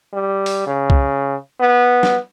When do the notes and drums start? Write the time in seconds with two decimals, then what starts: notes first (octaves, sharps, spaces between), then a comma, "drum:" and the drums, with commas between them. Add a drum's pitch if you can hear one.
0.13 G3
0.46 drum: open hi-hat
0.67 C#3
0.90 drum: kick C2
1.60 B3
2.03 drum: snare